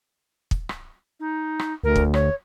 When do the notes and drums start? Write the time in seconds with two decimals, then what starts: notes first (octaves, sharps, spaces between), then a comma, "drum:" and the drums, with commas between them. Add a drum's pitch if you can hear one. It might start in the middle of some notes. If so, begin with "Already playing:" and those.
0.51 drum: kick
0.69 drum: rim click
1.20 D#4
1.59 drum: rim click
1.84 D2 A#4
1.96 drum: kick
2.14 C#5, drum: rim click